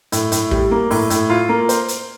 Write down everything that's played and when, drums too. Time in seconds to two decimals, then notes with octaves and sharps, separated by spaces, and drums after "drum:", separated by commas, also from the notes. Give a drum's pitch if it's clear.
0.12 A2, drum: hi-hat
0.32 A2, drum: hi-hat
0.51 G3, drum: kick
0.71 A#3
0.91 A2, drum: open hi-hat
1.10 A2, drum: hi-hat
1.30 F4
1.49 A#3
1.69 C5, drum: hi-hat
1.88 drum: hi-hat